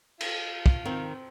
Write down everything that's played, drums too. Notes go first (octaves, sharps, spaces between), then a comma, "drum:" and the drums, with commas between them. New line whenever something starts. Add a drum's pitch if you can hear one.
F4, drum: cymbal
drum: kick
D#3 C4